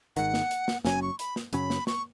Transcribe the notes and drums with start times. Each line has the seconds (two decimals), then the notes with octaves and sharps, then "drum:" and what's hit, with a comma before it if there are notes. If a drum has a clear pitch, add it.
0.16 G#1 G#2 D#3 F#5, drum: hi-hat
0.34 drum: snare
0.51 drum: hi-hat
0.68 drum: snare
0.85 F#1 F#2 F#3 C#4 G#5, drum: snare
1.02 C#6
1.19 B5, drum: hi-hat
1.36 drum: snare
1.53 F#2 C#3 F#3 C#4 B5, drum: hi-hat
1.70 drum: snare
1.87 C#6, drum: snare